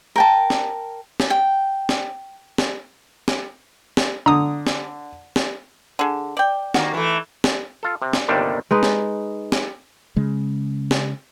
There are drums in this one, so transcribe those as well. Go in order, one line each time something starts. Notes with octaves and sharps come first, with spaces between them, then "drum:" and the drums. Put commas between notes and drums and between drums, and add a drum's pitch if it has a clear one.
A#4 G5 A5
drum: snare
drum: snare
G5
drum: snare
drum: snare
drum: snare
drum: snare
D3 A#5 D#6
drum: snare
drum: snare
D3 G#4
D5 G5
D#3 A#3 F#4, drum: snare
E3 A3
drum: snare
F4 A4
C3
drum: snare
G1 D#2 C3 D#3 G3 D4
G#3 D#4 B4
drum: snare
drum: snare
C#3 G#3
drum: snare